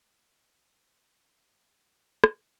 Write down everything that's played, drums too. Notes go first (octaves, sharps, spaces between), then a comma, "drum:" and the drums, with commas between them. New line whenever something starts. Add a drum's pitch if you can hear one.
C5 C6
drum: rim click